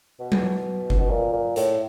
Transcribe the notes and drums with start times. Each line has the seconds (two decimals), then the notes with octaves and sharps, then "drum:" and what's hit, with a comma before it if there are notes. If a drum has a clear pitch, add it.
0.20 B2
0.32 drum: tom F#3
0.90 drum: kick F#1
1.00 B2
1.10 A#2
1.33 A#2
1.56 A2, drum: hi-hat